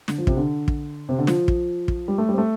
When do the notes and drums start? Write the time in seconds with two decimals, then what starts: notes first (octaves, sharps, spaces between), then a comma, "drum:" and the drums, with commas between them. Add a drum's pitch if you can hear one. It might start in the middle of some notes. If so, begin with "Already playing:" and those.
0.08 D3, drum: snare
0.18 F3
0.27 C3, drum: kick
0.37 D3
0.68 drum: kick
1.09 C3
1.19 D3
1.27 F3, drum: snare
1.48 drum: kick
1.88 drum: kick
2.08 G3
2.18 A3
2.29 G3 C4
2.38 A3